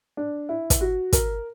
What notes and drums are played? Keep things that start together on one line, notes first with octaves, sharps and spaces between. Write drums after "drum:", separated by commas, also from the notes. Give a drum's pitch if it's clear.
D4
E4
drum: kick, hi-hat
F#4
A#4, drum: kick, hi-hat